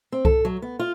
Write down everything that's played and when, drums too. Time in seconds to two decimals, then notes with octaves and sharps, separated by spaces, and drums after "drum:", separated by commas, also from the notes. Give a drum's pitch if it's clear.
0.12 C4
0.25 A4, drum: kick C2
0.45 F#3
0.62 B3
0.79 F4